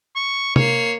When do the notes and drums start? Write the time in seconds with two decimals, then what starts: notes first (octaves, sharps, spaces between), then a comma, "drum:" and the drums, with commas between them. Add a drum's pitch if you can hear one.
0.16 C#6
0.56 A#3 C#5 C7, drum: tom